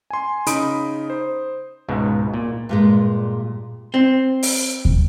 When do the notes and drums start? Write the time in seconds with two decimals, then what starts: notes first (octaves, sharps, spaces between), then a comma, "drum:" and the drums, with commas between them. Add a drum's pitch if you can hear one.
0.10 G#5 C6
0.46 C#3 D#4 B5 D#6 D7, drum: hi-hat
1.10 C5
1.89 C#2 G#2 B2
2.34 A#2
2.69 G2 A#2 G#3
3.94 C4
4.43 drum: open hi-hat
4.85 drum: kick D#2